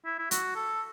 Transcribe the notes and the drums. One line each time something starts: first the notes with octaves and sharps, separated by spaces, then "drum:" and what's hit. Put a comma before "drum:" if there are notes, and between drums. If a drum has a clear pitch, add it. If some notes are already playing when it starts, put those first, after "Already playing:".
E4
E4
F#4, drum: hi-hat
A4